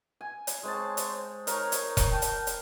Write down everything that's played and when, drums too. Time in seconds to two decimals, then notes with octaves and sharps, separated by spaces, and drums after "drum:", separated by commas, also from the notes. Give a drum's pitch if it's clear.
0.21 G#5
0.47 drum: hi-hat
0.63 G#3 C4 C5 C#5 A5
0.97 drum: hi-hat
1.47 D#4 A#4 C#5, drum: hi-hat
1.72 drum: hi-hat
1.97 drum: kick E1, hi-hat
2.10 G5 A5
2.22 drum: hi-hat
2.47 drum: hi-hat